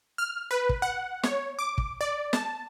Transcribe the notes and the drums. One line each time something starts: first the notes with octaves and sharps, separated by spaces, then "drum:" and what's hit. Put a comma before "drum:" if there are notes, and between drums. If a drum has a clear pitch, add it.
F6
B4
drum: kick
F#5
C#5, drum: snare
D6
drum: kick
D5
A5, drum: snare